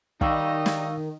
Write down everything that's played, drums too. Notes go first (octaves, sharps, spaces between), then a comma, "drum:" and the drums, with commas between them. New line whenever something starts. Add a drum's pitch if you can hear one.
D#3 D#4 G4 D5 D#5 F5 C#6 E6, drum: kick
drum: snare